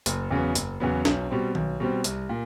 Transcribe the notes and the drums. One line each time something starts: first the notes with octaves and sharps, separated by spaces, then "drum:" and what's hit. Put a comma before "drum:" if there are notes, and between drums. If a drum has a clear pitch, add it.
F#1, drum: hi-hat
E2 C#3 F#3 B3
F#1, drum: hi-hat
E2 C#3 F#3 B3
B1, drum: snare
B2 G3 C4
B1, drum: tom D#3
B2 G3 C4
C2, drum: hi-hat
A#2